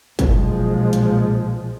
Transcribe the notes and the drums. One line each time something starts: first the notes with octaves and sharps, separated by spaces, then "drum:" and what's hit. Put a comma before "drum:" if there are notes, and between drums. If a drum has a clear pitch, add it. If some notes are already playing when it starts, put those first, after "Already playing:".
B1 A#2 F3 G#3, drum: kick, hi-hat
drum: hi-hat